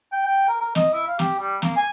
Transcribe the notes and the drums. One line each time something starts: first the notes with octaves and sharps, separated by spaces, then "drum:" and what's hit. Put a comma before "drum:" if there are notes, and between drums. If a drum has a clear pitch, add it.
G5
G5
A#4
A#4
D#5, drum: snare
E4
F5
G4, drum: snare
G3
A#3, drum: snare
G#5